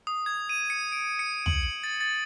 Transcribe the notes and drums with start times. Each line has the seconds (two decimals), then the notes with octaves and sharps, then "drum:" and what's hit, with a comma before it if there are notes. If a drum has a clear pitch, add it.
0.07 D#6
0.26 G#6
0.49 D#7
0.70 C#7
0.92 D7
1.19 C#7
1.46 F#7, drum: tom
1.63 F#7
1.84 A6
2.01 A6